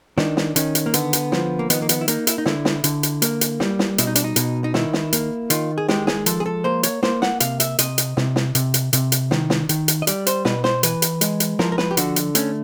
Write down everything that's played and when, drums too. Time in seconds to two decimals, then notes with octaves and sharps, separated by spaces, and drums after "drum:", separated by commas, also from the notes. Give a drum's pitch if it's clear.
0.18 D#3 D4, drum: snare
0.37 drum: snare
0.56 D#3 C#4, drum: hi-hat
0.75 drum: hi-hat
0.86 A#3
0.94 D3 B3, drum: hi-hat
1.13 drum: hi-hat
1.32 F3, drum: snare
1.59 A#3
1.70 D#3 B3, drum: hi-hat
1.82 A#3
1.89 B3, drum: hi-hat
2.01 E4
2.08 A#3 D#4, drum: hi-hat
2.27 E4, drum: hi-hat
2.38 D#4
2.46 D3 E4, drum: snare
2.65 drum: snare
2.84 D3, drum: hi-hat
3.03 drum: hi-hat
3.22 A#3, drum: hi-hat
3.41 drum: hi-hat
3.60 G3, drum: snare
3.79 drum: snare
3.98 B2 E4, drum: hi-hat
4.07 D#4
4.15 D4, drum: hi-hat
4.24 D#4
4.36 B2, drum: hi-hat
4.64 D#4
4.74 D#3 E4, drum: snare
4.93 drum: snare
5.13 A#3, drum: hi-hat
5.50 D#3 F4, drum: hi-hat
5.78 G#4
5.88 G#3 G4, drum: snare
6.07 G#4, drum: snare
6.26 F3 A4, drum: hi-hat
6.40 G#4
6.46 A4
6.64 A#3 C5
6.83 C#5, drum: hi-hat
7.03 A#3 C5, drum: snare
7.22 F#5, drum: snare
7.40 C3 F5, drum: hi-hat
7.60 E5, drum: hi-hat
7.79 C3 D#5, drum: hi-hat
7.98 drum: hi-hat
8.17 C3, drum: snare
8.36 drum: snare
8.55 C3, drum: hi-hat
8.74 drum: hi-hat
8.93 C3, drum: hi-hat
9.12 drum: hi-hat
9.31 D#3, drum: snare
9.50 drum: snare
9.69 D#3, drum: hi-hat
9.88 drum: hi-hat
10.02 D#5
10.07 G3 D5, drum: hi-hat
10.27 C5, drum: hi-hat
10.45 B2 B4, drum: snare
10.64 C5, drum: snare
10.83 E3 B4, drum: hi-hat
11.02 drum: hi-hat
11.21 G#3, drum: hi-hat
11.40 drum: hi-hat
11.59 F3 A#4, drum: snare
11.72 A#4
11.78 B4, drum: snare
11.91 G4
11.97 D3 F#4, drum: hi-hat
12.16 drum: hi-hat
12.35 A3 C#4, drum: hi-hat